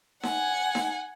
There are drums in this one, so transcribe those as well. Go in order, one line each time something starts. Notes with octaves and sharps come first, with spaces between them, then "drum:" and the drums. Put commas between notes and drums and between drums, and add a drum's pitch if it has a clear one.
F#5 G#5, drum: snare D#4
drum: snare D#4